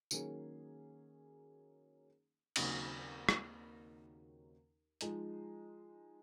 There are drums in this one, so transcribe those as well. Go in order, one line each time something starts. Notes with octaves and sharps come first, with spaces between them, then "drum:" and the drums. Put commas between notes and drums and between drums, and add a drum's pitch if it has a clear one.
D#3 F#3 A#3 C#4 G#4, drum: tambourine
D#2 C#3 F#3 C4 D#4, drum: cymbal
drum: rim click
F3 G#3 D#4, drum: hi-hat